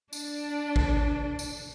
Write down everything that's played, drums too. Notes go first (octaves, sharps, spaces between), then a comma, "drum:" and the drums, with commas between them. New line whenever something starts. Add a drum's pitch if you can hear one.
D4 D5, drum: tambourine
drum: kick A1
drum: tambourine